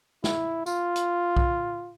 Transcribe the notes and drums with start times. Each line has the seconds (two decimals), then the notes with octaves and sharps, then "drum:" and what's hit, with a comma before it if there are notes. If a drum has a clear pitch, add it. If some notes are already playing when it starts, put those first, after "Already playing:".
0.24 E4, drum: snare
0.66 F4, drum: tambourine
0.96 drum: hi-hat
1.37 drum: kick B1